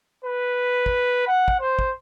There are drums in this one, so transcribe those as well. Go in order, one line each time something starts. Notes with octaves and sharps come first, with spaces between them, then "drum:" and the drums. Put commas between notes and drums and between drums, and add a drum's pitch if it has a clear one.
B4
drum: kick
F#5
drum: kick
C5
drum: kick